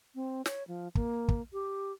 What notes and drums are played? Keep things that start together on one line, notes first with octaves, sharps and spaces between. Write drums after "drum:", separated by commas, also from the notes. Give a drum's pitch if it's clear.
C4
C#5, drum: snare
F3
A#3, drum: kick
drum: kick
G4